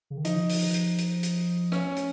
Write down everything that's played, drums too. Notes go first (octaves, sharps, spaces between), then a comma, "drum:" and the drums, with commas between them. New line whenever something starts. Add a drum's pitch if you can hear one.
C#3
D#3
F3 D#4, drum: hi-hat
drum: open hi-hat
drum: hi-hat
drum: hi-hat
drum: hi-hat
C#4, drum: rim click
drum: hi-hat